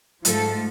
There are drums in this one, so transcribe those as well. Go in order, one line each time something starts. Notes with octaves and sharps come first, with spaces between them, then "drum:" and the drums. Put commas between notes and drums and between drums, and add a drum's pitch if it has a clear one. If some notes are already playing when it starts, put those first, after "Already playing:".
G#2 F3 A3 A4, drum: hi-hat